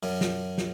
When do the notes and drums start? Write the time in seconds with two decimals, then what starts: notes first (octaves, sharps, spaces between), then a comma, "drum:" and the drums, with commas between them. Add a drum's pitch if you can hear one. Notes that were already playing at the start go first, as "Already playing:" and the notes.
0.03 F#2, drum: open hi-hat
0.21 drum: snare
0.58 drum: snare